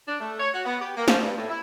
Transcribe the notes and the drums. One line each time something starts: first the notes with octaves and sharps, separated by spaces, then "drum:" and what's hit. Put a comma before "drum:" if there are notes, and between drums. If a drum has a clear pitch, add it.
D4
A3
C#5
F#4
B3
G4
A#3
F3, drum: snare
G2
A2
E4